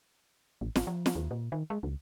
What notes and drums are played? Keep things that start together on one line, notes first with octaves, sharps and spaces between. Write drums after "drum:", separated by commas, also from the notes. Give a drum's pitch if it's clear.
A1
G#1, drum: snare
F3
drum: snare
D#2
A#2
D#3
G#3
C#2